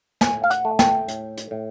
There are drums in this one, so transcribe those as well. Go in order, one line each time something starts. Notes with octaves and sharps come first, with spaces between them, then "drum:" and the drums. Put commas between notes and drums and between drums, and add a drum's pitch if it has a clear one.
A2 G#5, drum: snare
F5
F#5, drum: hi-hat
A3
G5, drum: snare
A2, drum: hi-hat
drum: hi-hat
A2